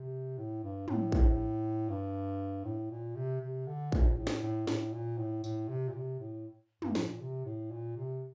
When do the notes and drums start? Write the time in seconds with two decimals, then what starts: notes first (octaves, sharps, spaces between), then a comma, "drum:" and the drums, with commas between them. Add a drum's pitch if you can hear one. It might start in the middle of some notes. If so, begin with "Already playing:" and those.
Already playing: C3
0.38 A2
0.63 G2
0.88 A2, drum: tom
1.12 drum: kick A#1
1.89 G2
2.65 A2
2.91 A#2
3.16 C3
3.41 C3
3.67 D3
3.92 A#2, drum: kick A#1
4.17 A2
4.27 drum: snare
4.43 A2
4.67 A2, drum: snare
4.93 A#2
5.18 A2
5.44 A2, drum: tambourine
5.69 C3
5.89 A#2
5.94 C3
6.20 A2
6.82 G2, drum: tom
6.95 A2, drum: snare
7.08 A#2
7.21 C3
7.46 A2
7.71 A#2
7.96 C3